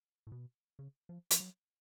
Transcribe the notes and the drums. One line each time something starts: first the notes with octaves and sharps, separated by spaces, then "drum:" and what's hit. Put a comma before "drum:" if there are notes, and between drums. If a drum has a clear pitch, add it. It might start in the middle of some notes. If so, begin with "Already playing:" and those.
A2
B2
C#3
F3
F3, drum: hi-hat
F#3